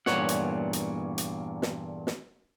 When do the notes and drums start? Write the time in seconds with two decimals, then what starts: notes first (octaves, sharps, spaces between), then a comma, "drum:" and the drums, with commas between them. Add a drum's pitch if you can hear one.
0.06 E2 G2 A#2 C#5 F#5, drum: snare
0.29 drum: hi-hat
0.73 drum: hi-hat
1.18 drum: hi-hat
1.62 drum: snare
2.07 drum: snare